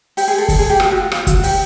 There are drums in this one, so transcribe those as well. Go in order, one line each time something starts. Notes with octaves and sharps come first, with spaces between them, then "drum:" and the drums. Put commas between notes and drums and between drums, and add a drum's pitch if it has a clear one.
G4, drum: open hi-hat
G#4
A4
A4, drum: kick, open hi-hat
G#4
G4
F#4, drum: rim click
F#4
F4
F4, drum: rim click
F#4, drum: kick, hi-hat
G4, drum: open hi-hat